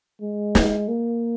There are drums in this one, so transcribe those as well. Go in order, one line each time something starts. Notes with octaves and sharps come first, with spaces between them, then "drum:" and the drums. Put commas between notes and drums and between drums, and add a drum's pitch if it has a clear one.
G#3
drum: snare
A#3